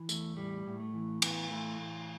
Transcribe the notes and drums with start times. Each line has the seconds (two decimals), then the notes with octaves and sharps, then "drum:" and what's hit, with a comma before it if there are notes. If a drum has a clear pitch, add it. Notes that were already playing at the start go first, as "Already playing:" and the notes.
Already playing: E3
0.09 E2 A3, drum: tambourine
0.37 A2 G3
0.66 A2
0.80 A3
0.94 E3
1.22 A2 B3, drum: cymbal
1.50 E3 A3
1.79 A2